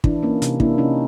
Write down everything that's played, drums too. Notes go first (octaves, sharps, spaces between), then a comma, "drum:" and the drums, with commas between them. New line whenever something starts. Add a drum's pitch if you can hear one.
E3 D4 E4, drum: kick
A#3 C#4 D#4
C3, drum: hi-hat
A#3 D4 E4, drum: kick
C3 C#4 D#4